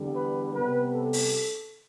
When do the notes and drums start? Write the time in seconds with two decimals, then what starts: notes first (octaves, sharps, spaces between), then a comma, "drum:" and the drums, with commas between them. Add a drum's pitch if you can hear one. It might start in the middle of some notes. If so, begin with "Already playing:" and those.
Already playing: E2 D3 G3
0.16 B4
0.54 C3 G3 B3 B4
0.93 A4
1.13 drum: open hi-hat